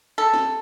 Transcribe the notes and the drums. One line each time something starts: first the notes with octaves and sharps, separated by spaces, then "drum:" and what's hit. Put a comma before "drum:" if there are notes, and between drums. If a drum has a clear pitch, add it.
A4
drum: snare